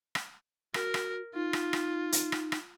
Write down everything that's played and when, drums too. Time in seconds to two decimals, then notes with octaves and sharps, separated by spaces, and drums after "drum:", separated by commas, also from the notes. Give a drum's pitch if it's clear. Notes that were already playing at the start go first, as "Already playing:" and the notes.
0.15 drum: rim click
0.74 F#4 A#4, drum: rim click
0.94 drum: rim click
1.34 D#4 F4
1.53 drum: rim click
1.73 drum: rim click
2.12 drum: hi-hat
2.32 drum: rim click
2.52 drum: rim click